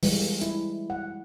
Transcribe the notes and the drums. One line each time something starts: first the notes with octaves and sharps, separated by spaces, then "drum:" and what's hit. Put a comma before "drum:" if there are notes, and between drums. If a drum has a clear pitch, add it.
E3 G3 G#3, drum: open hi-hat
E4, drum: hi-hat
F#5